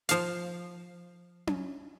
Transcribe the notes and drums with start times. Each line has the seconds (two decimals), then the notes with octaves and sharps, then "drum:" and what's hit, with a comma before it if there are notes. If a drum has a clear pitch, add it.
0.09 F3 F5, drum: hi-hat
1.47 drum: tom C#4